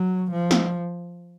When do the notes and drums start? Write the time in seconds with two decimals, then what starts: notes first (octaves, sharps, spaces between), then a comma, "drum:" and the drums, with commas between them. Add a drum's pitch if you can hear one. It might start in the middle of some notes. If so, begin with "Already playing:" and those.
Already playing: F#3
0.31 F3
0.51 drum: snare